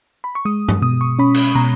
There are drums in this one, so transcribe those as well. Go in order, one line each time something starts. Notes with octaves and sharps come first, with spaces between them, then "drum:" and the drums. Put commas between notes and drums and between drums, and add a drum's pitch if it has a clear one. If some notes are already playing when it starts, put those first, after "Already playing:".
B5
C#6
G#3 D#6
drum: tom G2
B2 D#6
C#6
C#4 B5
drum: cymbal
B2 A#5